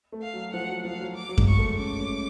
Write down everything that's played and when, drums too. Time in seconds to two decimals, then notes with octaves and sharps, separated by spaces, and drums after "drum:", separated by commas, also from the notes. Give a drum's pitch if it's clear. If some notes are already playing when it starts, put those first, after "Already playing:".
0.12 A3
0.22 F5
0.34 F#3
0.53 F3 F#5
0.69 F#3
0.85 F3 F5
1.01 F#3
1.16 D6
1.29 F#3
1.38 G#3, drum: kick F#2
1.48 C#6
1.59 A3
1.79 C#4 D6
2.00 C#4